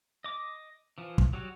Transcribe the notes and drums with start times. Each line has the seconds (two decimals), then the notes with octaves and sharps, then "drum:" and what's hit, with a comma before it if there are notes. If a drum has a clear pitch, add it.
0.24 D#5 D6
0.98 E3 F3
1.18 drum: kick
1.33 F#3 G3 F#4